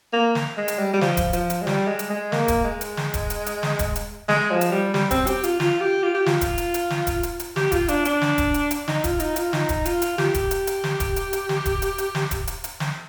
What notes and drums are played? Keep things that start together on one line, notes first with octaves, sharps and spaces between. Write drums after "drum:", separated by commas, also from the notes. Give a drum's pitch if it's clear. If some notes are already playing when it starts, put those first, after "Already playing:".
A#3
drum: snare
G#3
drum: hi-hat
G3
G3
F3, drum: snare
drum: kick D#1, hi-hat
F3, drum: hi-hat
drum: hi-hat
G#3
G3, drum: snare
G#3
drum: hi-hat
G#3
A#3, drum: snare
drum: kick D#1, hi-hat
G#3
drum: hi-hat
drum: snare
drum: kick D#1, hi-hat
drum: hi-hat
drum: hi-hat
drum: snare
drum: kick D#1, hi-hat
drum: hi-hat
G#3, drum: snare
F3
drum: hi-hat
G3
G3, drum: snare
C4, drum: kick D#1, hi-hat
G4, drum: hi-hat
F4, drum: hi-hat
F4, drum: snare
G4
F4
G4
F4, drum: snare
drum: kick D#1, hi-hat
drum: hi-hat
drum: hi-hat
drum: snare
drum: kick D#1, hi-hat
drum: hi-hat
drum: hi-hat
G4, drum: snare
F4, drum: kick D#1, hi-hat
D4, drum: hi-hat
D4, drum: hi-hat
drum: snare
drum: kick D#1, hi-hat
drum: hi-hat
drum: hi-hat
D#4, drum: snare
F4, drum: kick D#1, hi-hat
D#4, drum: hi-hat
F4, drum: hi-hat
D#4, drum: snare
drum: kick D#1, hi-hat
F4, drum: hi-hat
drum: hi-hat
G4, drum: snare
drum: kick D#1, hi-hat
drum: hi-hat
drum: hi-hat
drum: snare
drum: kick D#1, hi-hat
drum: hi-hat
drum: hi-hat
drum: snare
drum: kick D#1, hi-hat
drum: hi-hat
drum: hi-hat
drum: snare
drum: kick D#1, hi-hat
drum: hi-hat
drum: hi-hat
drum: snare